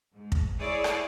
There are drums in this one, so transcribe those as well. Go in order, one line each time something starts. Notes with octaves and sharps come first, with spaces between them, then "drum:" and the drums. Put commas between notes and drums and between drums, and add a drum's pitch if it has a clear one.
G#2
drum: kick
E4 G#4 C#5 D5
drum: rim click